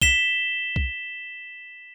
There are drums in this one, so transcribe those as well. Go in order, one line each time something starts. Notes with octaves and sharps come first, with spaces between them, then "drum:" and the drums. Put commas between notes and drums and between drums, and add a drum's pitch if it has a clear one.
B6 E7 G7, drum: kick B1
drum: kick B1